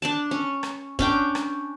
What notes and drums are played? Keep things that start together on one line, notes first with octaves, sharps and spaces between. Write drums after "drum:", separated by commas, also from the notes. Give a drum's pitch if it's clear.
D4 D5 A5
C#4
drum: rim click
C#4 D4 G5, drum: kick
drum: rim click